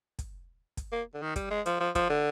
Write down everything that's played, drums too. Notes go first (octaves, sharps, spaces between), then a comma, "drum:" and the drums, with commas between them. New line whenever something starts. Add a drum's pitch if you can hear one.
drum: kick, hi-hat
drum: kick, hi-hat
A#3
D3
D#3
G3, drum: kick, hi-hat
G#3
F3, drum: hi-hat
F3
F3, drum: kick, hi-hat
D3